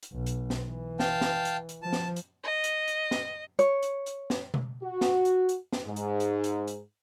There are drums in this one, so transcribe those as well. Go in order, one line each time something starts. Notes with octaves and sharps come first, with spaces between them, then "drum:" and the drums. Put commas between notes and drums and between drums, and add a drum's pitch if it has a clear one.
drum: hi-hat
B1
drum: hi-hat
drum: snare
E3
F5 G5 A5, drum: snare
drum: snare
drum: hi-hat
drum: hi-hat
F3 A5
drum: snare
drum: hi-hat
D#5
drum: hi-hat
drum: hi-hat
drum: snare
C#5, drum: hi-hat
drum: hi-hat
drum: hi-hat
drum: snare
drum: tom B2
F#4
drum: snare
drum: hi-hat
drum: hi-hat
drum: snare
G#2
drum: hi-hat
drum: hi-hat
drum: hi-hat
drum: hi-hat